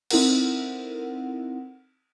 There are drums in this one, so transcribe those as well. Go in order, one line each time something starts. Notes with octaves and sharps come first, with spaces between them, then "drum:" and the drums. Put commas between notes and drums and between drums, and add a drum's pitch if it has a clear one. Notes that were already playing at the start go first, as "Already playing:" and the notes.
C4 D#4 E4 A4 A#4 F#5, drum: cymbal